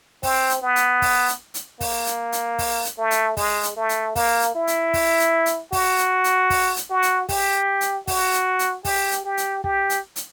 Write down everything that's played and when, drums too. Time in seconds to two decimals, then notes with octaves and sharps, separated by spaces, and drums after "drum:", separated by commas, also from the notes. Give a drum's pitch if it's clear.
0.23 C4, drum: kick, open hi-hat
0.50 drum: hi-hat
0.62 B3
0.76 drum: hi-hat
1.02 drum: kick, open hi-hat
1.28 drum: hi-hat
1.54 drum: hi-hat
1.81 A#3, drum: kick, open hi-hat
2.06 drum: hi-hat
2.32 drum: hi-hat
2.59 drum: kick, open hi-hat
2.85 drum: hi-hat
2.98 A3
3.11 drum: hi-hat
3.37 G#3, drum: kick, open hi-hat
3.63 drum: hi-hat
3.76 A3
3.89 drum: hi-hat
4.16 A#3, drum: kick, open hi-hat
4.41 drum: hi-hat
4.55 E4
4.67 drum: hi-hat
4.94 drum: kick, open hi-hat
5.20 drum: hi-hat
5.46 drum: hi-hat
5.72 F#4, drum: kick, open hi-hat
5.98 drum: hi-hat
6.24 drum: hi-hat
6.50 drum: kick, open hi-hat
6.76 drum: hi-hat
6.90 F#4
7.02 drum: hi-hat
7.29 G4, drum: kick, open hi-hat
7.81 drum: hi-hat
8.07 F#4, drum: kick, open hi-hat
8.33 drum: hi-hat
8.59 drum: hi-hat
8.85 G4, drum: kick, open hi-hat
9.11 drum: hi-hat
9.25 G4
9.37 drum: hi-hat
9.64 G4, drum: kick
9.90 drum: hi-hat
10.16 drum: hi-hat